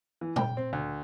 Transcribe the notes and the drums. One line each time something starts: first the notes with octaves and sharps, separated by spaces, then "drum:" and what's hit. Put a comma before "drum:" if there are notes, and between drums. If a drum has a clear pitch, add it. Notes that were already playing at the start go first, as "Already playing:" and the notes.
E3
G5, drum: tom A#2
C4
D2